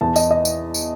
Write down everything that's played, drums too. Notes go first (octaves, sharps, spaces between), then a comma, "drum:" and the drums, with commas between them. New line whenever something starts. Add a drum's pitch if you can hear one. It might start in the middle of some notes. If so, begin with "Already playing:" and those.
E2 A5
D#5, drum: tambourine
D#5
drum: tambourine
drum: tambourine